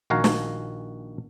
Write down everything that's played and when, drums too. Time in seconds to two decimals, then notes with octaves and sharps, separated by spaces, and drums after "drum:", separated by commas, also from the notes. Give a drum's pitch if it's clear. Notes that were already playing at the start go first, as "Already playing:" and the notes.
0.10 A#1 D#3 F#4 F5 G#5 A#5
0.24 drum: snare